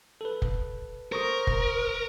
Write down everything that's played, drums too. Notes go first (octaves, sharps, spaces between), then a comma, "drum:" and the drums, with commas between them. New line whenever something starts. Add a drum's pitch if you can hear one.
A4 B4
drum: kick F1
A#4 C5 C#6 D#6
drum: kick F1